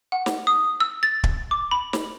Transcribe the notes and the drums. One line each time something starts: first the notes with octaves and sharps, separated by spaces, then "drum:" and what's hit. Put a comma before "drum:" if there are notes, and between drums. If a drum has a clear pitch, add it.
F#5
drum: snare
D#6
E6
A6
drum: kick
D6
B5
drum: snare